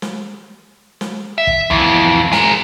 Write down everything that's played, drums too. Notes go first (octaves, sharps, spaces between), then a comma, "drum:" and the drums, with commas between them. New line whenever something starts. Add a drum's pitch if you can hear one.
drum: snare
drum: snare
E5
drum: kick
F2 E3, drum: kick
G#4 A#4, drum: snare